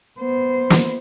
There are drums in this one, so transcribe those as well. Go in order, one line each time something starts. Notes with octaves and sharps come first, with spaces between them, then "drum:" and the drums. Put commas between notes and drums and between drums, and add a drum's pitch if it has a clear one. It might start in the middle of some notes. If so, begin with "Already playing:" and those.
B3 C5
drum: snare